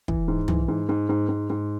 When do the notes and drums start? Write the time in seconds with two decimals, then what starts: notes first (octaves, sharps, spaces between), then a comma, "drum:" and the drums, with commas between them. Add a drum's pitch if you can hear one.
0.08 E3, drum: kick
0.28 G#2
0.48 E3, drum: tom
0.68 G#2
0.89 G#2
1.09 G#2
1.29 G#2
1.50 G#2